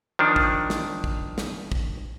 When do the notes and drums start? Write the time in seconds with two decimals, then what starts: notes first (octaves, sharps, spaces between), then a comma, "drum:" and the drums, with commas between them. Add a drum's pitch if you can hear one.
0.19 D#3 F3 D4
0.36 drum: kick
0.70 drum: snare
1.04 drum: kick
1.38 drum: snare
1.72 drum: kick